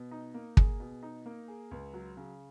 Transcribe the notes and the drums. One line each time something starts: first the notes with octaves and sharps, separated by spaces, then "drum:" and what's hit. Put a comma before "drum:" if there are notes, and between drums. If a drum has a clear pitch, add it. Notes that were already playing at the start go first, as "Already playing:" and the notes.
Already playing: B2
D#4
A#3
G#4, drum: kick
B2
D#4
A#3
G#4
C#2
F#3
C#3